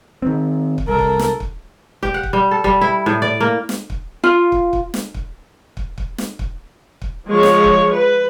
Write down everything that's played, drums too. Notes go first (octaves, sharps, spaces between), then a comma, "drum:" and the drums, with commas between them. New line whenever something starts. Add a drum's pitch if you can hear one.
D#3 C4
drum: kick
C2 A4 A#4
drum: kick
drum: snare
drum: kick
G4, drum: kick
F#5
drum: kick
G3
A4
G3, drum: kick
E4
A2
D5
A#3
drum: snare
drum: kick
F4
drum: kick
drum: kick
drum: snare
drum: kick
drum: kick
drum: kick
drum: snare
drum: kick
drum: kick
F3 G#3 C#5
drum: snare
drum: kick
B4